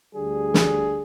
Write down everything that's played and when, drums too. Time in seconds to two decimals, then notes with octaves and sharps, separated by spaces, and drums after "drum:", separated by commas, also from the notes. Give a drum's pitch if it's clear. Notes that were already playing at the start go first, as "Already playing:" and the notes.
0.14 D2 D3 G3 G#4
0.54 drum: snare